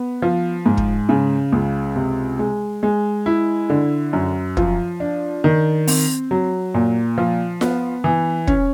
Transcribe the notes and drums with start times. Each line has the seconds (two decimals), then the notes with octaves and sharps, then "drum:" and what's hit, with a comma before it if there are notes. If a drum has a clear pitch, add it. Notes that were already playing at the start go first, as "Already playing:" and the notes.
Already playing: B3
0.22 F3
0.66 G#2
0.77 drum: kick
1.09 C#3
1.52 C#2
1.96 C3
2.39 G#3
2.83 G#3
3.26 E4
3.70 D3
4.13 F#2
4.57 F3, drum: kick
5.00 D4
5.44 D#3
5.87 C4, drum: open hi-hat
6.31 F#3
6.74 A#2
7.18 F3
7.61 B3, drum: snare F4
8.04 E3
8.47 C#4, drum: kick